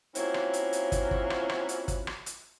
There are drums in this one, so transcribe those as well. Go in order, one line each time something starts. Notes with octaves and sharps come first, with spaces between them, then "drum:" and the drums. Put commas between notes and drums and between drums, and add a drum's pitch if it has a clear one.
F#3 A#3 C4 C#4 E4 F4, drum: hi-hat
drum: rim click
drum: hi-hat
drum: hi-hat
drum: kick, hi-hat
drum: kick
drum: rim click
drum: rim click
drum: hi-hat
drum: kick, hi-hat
drum: rim click
drum: hi-hat